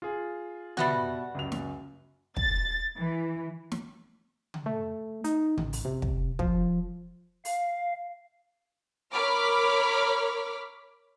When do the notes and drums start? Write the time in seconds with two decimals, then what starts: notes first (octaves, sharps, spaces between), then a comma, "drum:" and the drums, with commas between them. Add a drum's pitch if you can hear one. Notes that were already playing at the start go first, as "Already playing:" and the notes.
0.02 F4 G#4
0.77 B2 G3 B3 F#4 E5 A6, drum: tom C#3
1.35 C#2 F#2 F7
1.52 drum: snare
2.37 A6, drum: kick
2.97 E3
3.72 drum: snare
4.54 drum: tom C#3
4.66 A3
5.24 D#4, drum: hi-hat
5.58 A1, drum: tom C#3
5.73 drum: open hi-hat
5.85 C3
6.02 drum: kick
6.39 F3, drum: kick
7.45 F5, drum: open hi-hat
9.12 A#4 C#5 B5 D6 F6